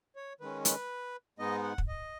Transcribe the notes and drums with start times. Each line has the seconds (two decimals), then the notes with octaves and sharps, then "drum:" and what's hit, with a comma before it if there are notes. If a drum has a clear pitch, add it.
0.16 C#5
0.41 D#3 G#3 C#4 B4
0.65 B4, drum: hi-hat
1.39 G#2 G#3 B3 D#4 D#5
1.63 F#5
1.78 drum: kick
1.88 D#5